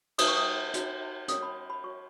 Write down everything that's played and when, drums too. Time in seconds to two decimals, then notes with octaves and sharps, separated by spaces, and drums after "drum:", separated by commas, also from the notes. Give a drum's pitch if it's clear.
0.18 D#4 F#4 B4 D#6, drum: cymbal
0.28 C#6
0.37 D#6
0.74 D#4 F#4 C#5, drum: hi-hat
1.28 C#4 F#4 A#4 C#5 D#6, drum: hi-hat
1.42 B5
1.70 B5
1.84 F#4 C#5 C#6